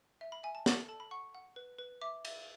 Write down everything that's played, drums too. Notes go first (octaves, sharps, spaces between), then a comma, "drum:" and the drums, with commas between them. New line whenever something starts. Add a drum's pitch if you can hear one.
E5
B5
E5 G#5
A5
A4 B5, drum: snare
A4 A5
B5
F#5 C#6
F#5
B4
B4
E5 D6
E5, drum: cymbal